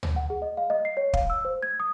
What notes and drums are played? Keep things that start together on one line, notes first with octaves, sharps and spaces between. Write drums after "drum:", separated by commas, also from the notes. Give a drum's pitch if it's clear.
drum: tom
F#5
G#4
D#5
F5
D#5
C7
C#5
F5, drum: kick
E6
C5
G#6
D#6